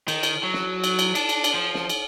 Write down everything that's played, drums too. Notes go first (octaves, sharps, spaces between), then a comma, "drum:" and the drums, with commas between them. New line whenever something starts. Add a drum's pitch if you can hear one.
D#3, drum: cymbal
drum: cymbal
F#3
drum: snare
drum: cymbal
drum: cymbal
D4, drum: cymbal
drum: cymbal
drum: cymbal
F3
drum: snare
drum: cymbal